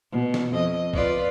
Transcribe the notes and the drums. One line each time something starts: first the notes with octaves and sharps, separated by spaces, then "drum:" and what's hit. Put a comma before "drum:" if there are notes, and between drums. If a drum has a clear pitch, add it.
B2
drum: snare
F2 D#5
F4 B4 D5, drum: kick